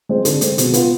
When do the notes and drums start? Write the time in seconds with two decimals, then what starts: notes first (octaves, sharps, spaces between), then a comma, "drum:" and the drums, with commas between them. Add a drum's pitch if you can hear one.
0.09 G#3 C4
0.25 D3, drum: hi-hat
0.41 G#3 C4, drum: hi-hat
0.58 B2, drum: hi-hat
0.74 B3 F4, drum: hi-hat